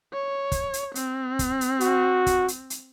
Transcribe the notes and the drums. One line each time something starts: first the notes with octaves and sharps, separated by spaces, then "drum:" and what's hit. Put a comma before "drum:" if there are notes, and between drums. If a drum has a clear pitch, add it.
C#5
drum: kick, hi-hat
drum: hi-hat
C4, drum: hi-hat
drum: kick, hi-hat
drum: hi-hat
F#4, drum: hi-hat
drum: kick, hi-hat
drum: hi-hat
drum: hi-hat